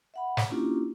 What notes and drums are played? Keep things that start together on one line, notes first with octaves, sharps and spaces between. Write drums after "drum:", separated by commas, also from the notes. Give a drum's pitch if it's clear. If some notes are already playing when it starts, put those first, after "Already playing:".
E5 F#5 B5
drum: snare
A#3 C#4 D4 E4 F4 G4